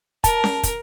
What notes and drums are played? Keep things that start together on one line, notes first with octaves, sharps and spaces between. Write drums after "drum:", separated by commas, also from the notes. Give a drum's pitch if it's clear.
A#4 A5, drum: kick, hi-hat
drum: snare C#4
drum: kick, hi-hat